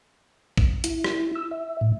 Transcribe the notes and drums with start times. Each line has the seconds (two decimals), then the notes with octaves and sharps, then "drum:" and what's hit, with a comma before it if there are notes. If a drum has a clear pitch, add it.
0.58 drum: kick
0.84 E4, drum: hi-hat
1.04 drum: rim click
1.35 E6
1.51 E5
1.81 A2